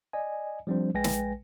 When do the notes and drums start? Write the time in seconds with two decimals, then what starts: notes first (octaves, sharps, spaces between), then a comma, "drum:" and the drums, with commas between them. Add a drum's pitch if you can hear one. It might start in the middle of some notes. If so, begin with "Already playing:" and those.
0.13 D5 D#5 G#5
0.67 F3 G3 C4 D4 C5
0.94 A#1 G#3 B4 G5 G#5 A#6
1.04 drum: snare